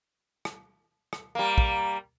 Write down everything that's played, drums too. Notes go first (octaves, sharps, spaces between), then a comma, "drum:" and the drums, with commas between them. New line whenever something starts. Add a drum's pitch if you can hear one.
drum: rim click
drum: rim click
G3 A#3
drum: kick